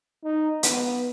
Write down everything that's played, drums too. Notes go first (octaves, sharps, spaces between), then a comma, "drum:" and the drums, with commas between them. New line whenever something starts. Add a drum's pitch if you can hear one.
D#4
B3, drum: hi-hat